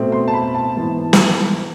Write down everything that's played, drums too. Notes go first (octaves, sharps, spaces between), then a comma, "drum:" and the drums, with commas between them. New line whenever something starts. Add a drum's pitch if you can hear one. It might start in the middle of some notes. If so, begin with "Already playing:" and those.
Already playing: B2 A3 C4
C6
A5
B5
A5
G#2 E3 B3
drum: snare